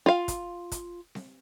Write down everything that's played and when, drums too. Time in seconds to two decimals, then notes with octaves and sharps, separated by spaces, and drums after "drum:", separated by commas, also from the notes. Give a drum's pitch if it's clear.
0.06 F4 F5
0.28 drum: kick, hi-hat
0.72 drum: kick, hi-hat
1.15 drum: snare C4